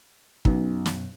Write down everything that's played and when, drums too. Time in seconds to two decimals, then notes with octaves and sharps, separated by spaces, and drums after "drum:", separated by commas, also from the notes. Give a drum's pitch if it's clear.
0.45 B1 F#2 B2, drum: kick
0.86 drum: snare